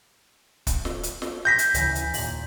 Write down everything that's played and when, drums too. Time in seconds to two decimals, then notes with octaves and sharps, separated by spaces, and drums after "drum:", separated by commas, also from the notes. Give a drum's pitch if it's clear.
0.67 drum: kick, hi-hat
0.85 drum: snare
1.03 drum: hi-hat
1.22 drum: snare
1.45 G6 A#6 B6
1.58 drum: hi-hat
1.74 D2 C#3 E3, drum: hi-hat
1.95 drum: hi-hat
2.14 D#2 A#2, drum: open hi-hat